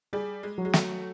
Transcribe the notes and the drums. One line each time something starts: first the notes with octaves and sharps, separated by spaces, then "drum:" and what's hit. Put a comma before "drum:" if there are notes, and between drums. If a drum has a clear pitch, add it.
G3 G#4
G#3
F#3
G#3
A3, drum: snare